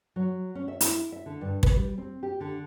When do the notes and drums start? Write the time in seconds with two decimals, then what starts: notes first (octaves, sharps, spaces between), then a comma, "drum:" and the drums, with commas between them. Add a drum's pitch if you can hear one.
0.16 F#3
0.55 C#4
0.68 E5
0.81 E4, drum: hi-hat
1.12 E5
1.26 D3
1.41 G2
1.63 B4, drum: kick
1.76 G3
1.98 C4
2.23 G4
2.41 D3